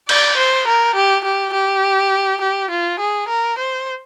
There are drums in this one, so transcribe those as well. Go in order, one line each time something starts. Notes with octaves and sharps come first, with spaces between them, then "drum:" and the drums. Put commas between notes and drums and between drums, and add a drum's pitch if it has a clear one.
D5, drum: cymbal
C5
A#4
G4
G4
G4
G4
F4
G#4
A#4
C5